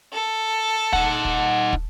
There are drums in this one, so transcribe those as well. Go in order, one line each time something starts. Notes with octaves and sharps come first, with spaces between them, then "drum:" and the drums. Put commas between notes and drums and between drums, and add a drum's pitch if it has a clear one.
A4
D#4 F#5, drum: kick
drum: kick
drum: kick